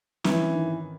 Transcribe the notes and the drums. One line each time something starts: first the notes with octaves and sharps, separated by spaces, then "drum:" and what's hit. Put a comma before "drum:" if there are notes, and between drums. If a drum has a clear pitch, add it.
E3 C#4, drum: snare
D#3